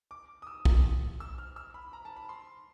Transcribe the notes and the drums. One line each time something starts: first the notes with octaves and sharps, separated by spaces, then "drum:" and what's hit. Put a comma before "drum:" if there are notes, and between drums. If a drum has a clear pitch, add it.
D6
D#6
E6
drum: kick
E6
F6
E6
B5
A#5
A5
B5
C6